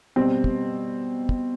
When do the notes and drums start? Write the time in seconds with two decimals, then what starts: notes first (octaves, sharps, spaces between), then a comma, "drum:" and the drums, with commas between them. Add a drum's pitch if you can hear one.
0.16 B2 G3 C4
0.44 drum: kick
1.29 drum: kick